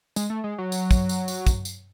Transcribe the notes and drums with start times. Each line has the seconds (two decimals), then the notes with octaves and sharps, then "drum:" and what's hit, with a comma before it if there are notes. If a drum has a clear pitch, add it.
0.16 G#3, drum: tambourine
0.30 A3
0.44 G#3
0.58 F#3
0.72 drum: tambourine
0.91 drum: kick, tambourine
1.09 drum: tambourine
1.28 drum: tambourine
1.46 drum: kick, tambourine
1.65 drum: tambourine